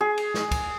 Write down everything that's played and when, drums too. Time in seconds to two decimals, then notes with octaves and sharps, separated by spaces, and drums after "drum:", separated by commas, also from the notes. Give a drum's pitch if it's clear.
0.01 G#4
0.17 drum: cymbal
0.34 drum: snare
0.51 drum: kick, cymbal